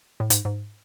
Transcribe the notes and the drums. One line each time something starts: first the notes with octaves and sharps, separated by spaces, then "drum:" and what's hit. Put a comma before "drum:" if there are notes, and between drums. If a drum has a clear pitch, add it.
A2
G#2, drum: hi-hat
G#2